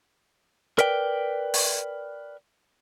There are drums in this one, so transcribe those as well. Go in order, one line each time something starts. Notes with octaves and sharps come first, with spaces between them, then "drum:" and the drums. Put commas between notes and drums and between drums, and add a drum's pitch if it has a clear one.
A#4 B4 D5 G5, drum: hi-hat
drum: open hi-hat